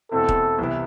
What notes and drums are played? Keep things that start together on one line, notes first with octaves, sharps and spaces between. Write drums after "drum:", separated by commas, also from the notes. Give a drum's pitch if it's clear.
E2 B2 A3 C4 E4 A4
drum: kick D#1
C2 C3 E3 B3 E4